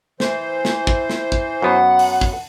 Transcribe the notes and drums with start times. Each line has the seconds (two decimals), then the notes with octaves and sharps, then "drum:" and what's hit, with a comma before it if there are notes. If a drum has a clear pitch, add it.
0.20 E3 C5, drum: snare
0.65 drum: snare
0.87 drum: kick
1.10 drum: snare
1.32 drum: kick
1.62 F#2 B3 F#5
1.99 drum: open hi-hat
2.21 drum: kick